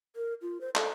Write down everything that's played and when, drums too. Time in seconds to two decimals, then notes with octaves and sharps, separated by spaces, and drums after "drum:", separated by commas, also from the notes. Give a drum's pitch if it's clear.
0.16 A#4
0.42 F4
0.61 C5
0.75 A4, drum: clap